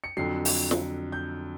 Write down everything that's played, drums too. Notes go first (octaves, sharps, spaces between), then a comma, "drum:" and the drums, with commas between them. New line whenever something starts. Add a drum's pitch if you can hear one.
C#7
F2 D3 F#3 C7
drum: open hi-hat
drum: snare
G6